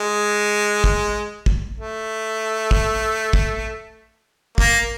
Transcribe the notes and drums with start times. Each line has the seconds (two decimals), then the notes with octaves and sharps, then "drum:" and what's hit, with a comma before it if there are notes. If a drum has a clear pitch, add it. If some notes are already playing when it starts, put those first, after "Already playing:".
Already playing: G#3
0.84 drum: kick
1.46 drum: kick
1.78 A3
2.71 drum: kick
3.33 drum: kick
4.58 A#3, drum: kick